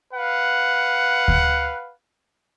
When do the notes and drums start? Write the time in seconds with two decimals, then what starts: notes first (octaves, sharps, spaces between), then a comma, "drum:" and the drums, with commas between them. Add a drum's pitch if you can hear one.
0.12 B4 F5 F#5
1.28 drum: kick D2